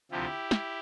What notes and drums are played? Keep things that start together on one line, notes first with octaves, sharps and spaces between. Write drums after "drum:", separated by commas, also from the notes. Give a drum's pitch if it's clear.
D2 C3 F3 E4 G4
drum: snare